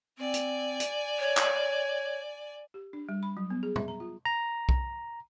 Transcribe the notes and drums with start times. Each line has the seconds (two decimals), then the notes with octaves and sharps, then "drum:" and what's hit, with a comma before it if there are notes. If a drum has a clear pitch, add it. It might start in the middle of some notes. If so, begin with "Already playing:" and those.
0.18 C4 D5 G#5
0.34 drum: hi-hat
0.80 drum: hi-hat
1.19 C#5
1.37 drum: clap
2.74 G4
2.93 D4
3.09 G3
3.23 B5
3.37 F#3
3.50 B3
3.63 G#4
3.76 E5, drum: tom
3.88 A#5
4.00 F4
4.25 A#5
4.69 drum: kick B1